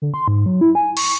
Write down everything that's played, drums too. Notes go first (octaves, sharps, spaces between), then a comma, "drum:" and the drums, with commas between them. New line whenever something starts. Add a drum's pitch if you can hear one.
D3
C6
G#2
F#3
E4
G#5
C#6, drum: cymbal